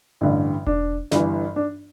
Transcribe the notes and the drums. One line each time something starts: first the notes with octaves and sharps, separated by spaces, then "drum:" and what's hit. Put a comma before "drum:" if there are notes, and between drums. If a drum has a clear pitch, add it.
A1 G2 D3
D4, drum: kick E1
G1 G2 E3, drum: snare
D4